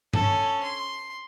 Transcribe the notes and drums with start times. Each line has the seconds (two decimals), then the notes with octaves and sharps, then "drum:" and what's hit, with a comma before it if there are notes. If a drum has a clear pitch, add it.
0.13 C#4 A4, drum: tom G2
0.63 C6